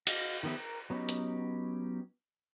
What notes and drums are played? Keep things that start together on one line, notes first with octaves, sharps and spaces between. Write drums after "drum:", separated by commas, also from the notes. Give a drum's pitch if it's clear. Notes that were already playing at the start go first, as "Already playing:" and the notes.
F#4 D#5 F5, drum: cymbal
D#3 F3 B3 G4 E5
A#4
F#3 B3 C#4 D#4 G4
drum: hi-hat